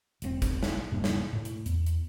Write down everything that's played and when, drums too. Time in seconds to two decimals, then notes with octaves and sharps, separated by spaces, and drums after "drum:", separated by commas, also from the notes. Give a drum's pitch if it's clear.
0.22 E1 G#2 C4, drum: hi-hat
0.42 drum: kick, hi-hat
0.63 drum: snare
0.92 D#1 G2 C3 A#3
1.04 drum: snare
1.33 A2
1.45 drum: hi-hat
1.66 E2, drum: hi-hat
1.86 drum: hi-hat